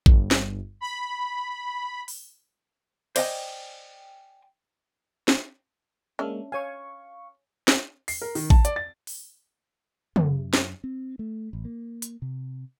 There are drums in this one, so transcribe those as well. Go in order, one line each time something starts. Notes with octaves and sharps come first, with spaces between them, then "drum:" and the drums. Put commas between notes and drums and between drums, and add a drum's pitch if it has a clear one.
G1, drum: kick A1
drum: snare
B5
drum: open hi-hat
C5 D5 D#5 F5 G5 G#5, drum: cymbal
drum: snare
G#3 A#3 C#4 D4 E5
C#5 F5 G#5 C#6
drum: snare
C7, drum: open hi-hat
A#4
D#3, drum: open hi-hat
A5, drum: kick A1
D5, drum: hi-hat
A6
drum: open hi-hat
F#2, drum: tom
drum: snare
C4
A3
A1
A#3
drum: hi-hat
C3